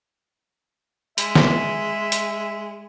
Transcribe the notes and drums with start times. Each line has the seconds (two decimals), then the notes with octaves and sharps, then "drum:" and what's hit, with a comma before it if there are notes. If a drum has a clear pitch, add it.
1.18 G#3 E5, drum: hi-hat
1.35 drum: snare
2.12 drum: hi-hat